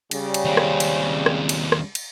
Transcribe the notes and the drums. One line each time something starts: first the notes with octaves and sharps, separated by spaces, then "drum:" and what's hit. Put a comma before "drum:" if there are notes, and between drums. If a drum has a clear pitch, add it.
C#3 G3, drum: cymbal
drum: cymbal
D#2 C4
drum: rim click
drum: cymbal
drum: rim click
drum: cymbal
drum: rim click
drum: cymbal